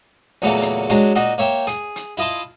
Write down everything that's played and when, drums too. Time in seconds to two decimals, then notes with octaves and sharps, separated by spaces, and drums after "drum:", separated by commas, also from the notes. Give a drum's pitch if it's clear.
0.42 E2 A#2 C#3 F#3 A3 A#3
0.62 drum: hi-hat
0.90 F#3 G#3 D4 F#4, drum: hi-hat
1.15 A#2 D#4 F#4, drum: hi-hat
1.38 A#3 C#5 E5 G5
1.67 G#4, drum: hi-hat
1.96 drum: hi-hat
2.17 E4 F4 D#5 A5 C6